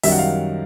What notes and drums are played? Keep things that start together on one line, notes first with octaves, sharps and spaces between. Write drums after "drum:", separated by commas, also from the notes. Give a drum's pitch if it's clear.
F#2 D#3 G3 E5, drum: open hi-hat
F#5
F5